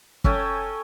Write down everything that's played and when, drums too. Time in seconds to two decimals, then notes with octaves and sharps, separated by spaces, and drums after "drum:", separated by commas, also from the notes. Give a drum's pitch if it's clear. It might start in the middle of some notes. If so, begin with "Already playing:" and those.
0.24 C#4 A4 G5 G#5, drum: kick